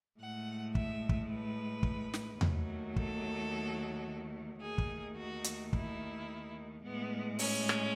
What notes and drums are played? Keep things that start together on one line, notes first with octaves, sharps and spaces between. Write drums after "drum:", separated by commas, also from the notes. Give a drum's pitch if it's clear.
A2 G#3 F#5
E5, drum: kick
drum: kick
B4
drum: kick
drum: snare
D#2 D#3 F#3 A3, drum: tom E2
A4, drum: kick
D#2 D#3 A3 G#4
drum: kick
F#4
drum: hi-hat
E4, drum: kick
A2 G#3 B3
C#4, drum: open hi-hat
drum: rim click